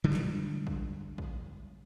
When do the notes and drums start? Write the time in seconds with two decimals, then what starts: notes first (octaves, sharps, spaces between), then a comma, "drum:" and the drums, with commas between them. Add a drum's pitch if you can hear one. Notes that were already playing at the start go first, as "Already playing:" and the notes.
0.04 D3 G3 G#3
0.13 drum: clap
0.67 drum: kick
1.18 drum: kick